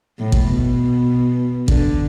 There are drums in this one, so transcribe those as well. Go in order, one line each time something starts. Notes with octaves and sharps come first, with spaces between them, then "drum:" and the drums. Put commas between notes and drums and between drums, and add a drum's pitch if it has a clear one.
A2
drum: kick
B2
D3, drum: kick